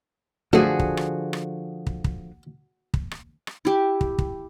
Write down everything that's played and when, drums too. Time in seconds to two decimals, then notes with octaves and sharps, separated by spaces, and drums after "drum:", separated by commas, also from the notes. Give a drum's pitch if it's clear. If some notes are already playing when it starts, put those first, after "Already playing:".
0.53 F#2 D3 F3 A3 F#4 G#4
0.79 drum: kick
0.97 drum: rim click
1.33 drum: rim click
1.87 drum: kick
2.04 drum: kick
2.94 drum: kick
3.11 drum: rim click
3.47 drum: rim click
3.65 E4 G4
4.01 drum: kick
4.19 drum: kick